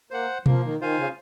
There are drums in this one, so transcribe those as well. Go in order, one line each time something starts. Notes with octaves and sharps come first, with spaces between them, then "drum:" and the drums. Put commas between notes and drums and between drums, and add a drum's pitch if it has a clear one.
A#3 C5 F#5
F3 A#3, drum: tom B2
D#3
D#3 F4 C5 F5 G#5
C#3